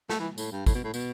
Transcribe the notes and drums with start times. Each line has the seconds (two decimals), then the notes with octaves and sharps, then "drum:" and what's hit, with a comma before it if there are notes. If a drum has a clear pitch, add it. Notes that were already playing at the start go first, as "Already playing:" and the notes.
0.09 A3, drum: snare
0.20 E3
0.38 A2, drum: tambourine
0.52 G2
0.66 A2, drum: kick, tambourine
0.75 B2
0.84 A2
0.94 B2, drum: tambourine